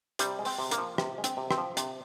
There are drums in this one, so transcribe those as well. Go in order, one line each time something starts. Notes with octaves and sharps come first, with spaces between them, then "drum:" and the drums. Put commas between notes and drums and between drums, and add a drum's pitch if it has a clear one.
C3 G3 G4, drum: hi-hat
G#3
C4 C5, drum: open hi-hat
C3
A#3 A#4, drum: hi-hat
F3
C3, drum: rim click
G#3
C4 C5, drum: hi-hat
C3
C4 C5, drum: rim click
F3
C3, drum: hi-hat